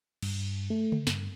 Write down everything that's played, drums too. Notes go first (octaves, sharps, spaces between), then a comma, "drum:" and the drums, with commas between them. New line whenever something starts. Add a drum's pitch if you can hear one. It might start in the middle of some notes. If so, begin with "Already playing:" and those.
G2, drum: cymbal
A3
drum: tom C#3
G2, drum: snare